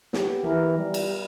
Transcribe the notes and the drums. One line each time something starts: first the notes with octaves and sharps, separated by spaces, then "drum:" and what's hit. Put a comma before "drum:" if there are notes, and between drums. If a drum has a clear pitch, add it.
B3 G4, drum: snare
E3 A#4
G3
drum: cymbal